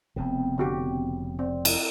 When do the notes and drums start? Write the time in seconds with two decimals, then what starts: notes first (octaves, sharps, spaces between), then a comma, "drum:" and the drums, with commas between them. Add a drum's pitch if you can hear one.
0.16 F1 F2 C#3 B3 C4 G5
0.58 D3 F#4 G4
1.39 C4 D5
1.65 drum: cymbal